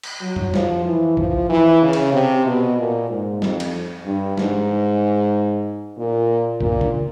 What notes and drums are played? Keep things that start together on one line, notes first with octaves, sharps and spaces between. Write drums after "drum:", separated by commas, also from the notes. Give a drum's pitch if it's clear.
drum: cymbal
F#3
drum: tom F2
F3, drum: snare
E3
F3, drum: kick
E3
C#3
drum: cymbal
C3
B2
A#2
G#2
F2, drum: snare
drum: cymbal
G2
G#2, drum: snare
A#2
A#2, drum: kick
drum: tom